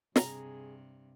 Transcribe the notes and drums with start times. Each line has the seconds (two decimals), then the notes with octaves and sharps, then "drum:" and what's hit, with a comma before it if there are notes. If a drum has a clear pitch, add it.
0.16 G2 C3 G#4 A#5, drum: snare